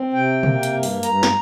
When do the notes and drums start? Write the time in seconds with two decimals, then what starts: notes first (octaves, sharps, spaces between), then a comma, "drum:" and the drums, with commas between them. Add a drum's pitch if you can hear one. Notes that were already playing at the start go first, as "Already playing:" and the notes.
Already playing: C4
0.13 C3 G5
0.43 A#3, drum: tom B2
0.63 drum: hi-hat
0.73 G2
0.83 drum: open hi-hat
1.03 G2 A#5, drum: hi-hat
1.23 drum: snare